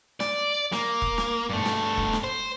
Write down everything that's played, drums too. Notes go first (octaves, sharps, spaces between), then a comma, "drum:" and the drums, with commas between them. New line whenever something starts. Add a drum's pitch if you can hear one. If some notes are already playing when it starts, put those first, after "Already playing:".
D5, drum: snare
A#3, drum: snare
drum: kick E1
drum: snare
G2 A3
drum: snare
drum: kick E1
drum: snare
C5